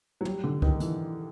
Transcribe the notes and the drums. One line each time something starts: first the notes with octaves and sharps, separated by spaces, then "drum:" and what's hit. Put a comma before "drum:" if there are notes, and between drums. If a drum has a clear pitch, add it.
F#3
G3, drum: tom
D3
D#3, drum: kick C#2
E3, drum: hi-hat